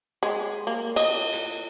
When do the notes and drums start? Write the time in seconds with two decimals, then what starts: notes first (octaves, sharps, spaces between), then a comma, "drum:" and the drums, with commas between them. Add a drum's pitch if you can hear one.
0.23 G#3
0.67 A#3
0.96 D#5, drum: cymbal
1.33 drum: hi-hat